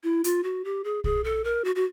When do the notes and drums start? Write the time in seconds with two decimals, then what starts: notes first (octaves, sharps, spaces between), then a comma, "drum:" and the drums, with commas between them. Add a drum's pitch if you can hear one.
0.04 E4
0.24 F4, drum: hi-hat
0.44 F#4
0.65 G4
0.84 G#4
1.04 G#4, drum: kick
1.24 A4
1.44 A#4
1.65 F#4
1.75 F#4